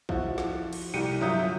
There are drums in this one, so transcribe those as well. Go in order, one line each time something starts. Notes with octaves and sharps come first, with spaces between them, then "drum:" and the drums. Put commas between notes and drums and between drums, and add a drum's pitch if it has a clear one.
F3 E4 F#4, drum: kick
drum: snare
drum: cymbal
C2 A2 G4 C#7 D#7
G1 F#3 F4 E5 D#6 G6